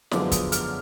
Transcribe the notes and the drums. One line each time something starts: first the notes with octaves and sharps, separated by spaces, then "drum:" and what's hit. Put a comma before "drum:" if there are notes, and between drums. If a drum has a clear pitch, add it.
F#2 D3 F3 G#3 B3 D6, drum: snare
D#6, drum: kick, hi-hat
F6, drum: hi-hat